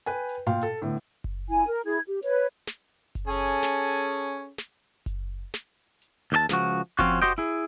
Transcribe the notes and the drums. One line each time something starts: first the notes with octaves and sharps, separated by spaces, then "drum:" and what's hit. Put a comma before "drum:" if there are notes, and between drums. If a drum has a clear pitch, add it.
B4 G5 G#5
drum: hi-hat
A#2 F5 G5 C6
A4
A2 D3 B3
drum: kick F#1
E4 G#5
A#4
E4 G#4 G#6
G4
B4 C#5, drum: hi-hat
drum: snare
drum: kick F#1, hi-hat
C#4 G#4 A4
drum: snare
drum: hi-hat
drum: snare
drum: kick F#1, hi-hat
drum: snare
drum: hi-hat
D#2 G4 A5
C#2 F3 F#4, drum: snare
F3 C4 C#4 F4 F#4, drum: kick F#1, hi-hat
F#4 G4 C5 D#5 G5
E4 G#4